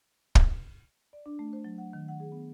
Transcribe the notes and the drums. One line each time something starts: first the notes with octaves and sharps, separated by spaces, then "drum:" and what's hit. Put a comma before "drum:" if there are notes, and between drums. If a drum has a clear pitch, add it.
drum: kick
D5
D4
A3
C5
F#3
F#5
D#3
F#5
G#4
B3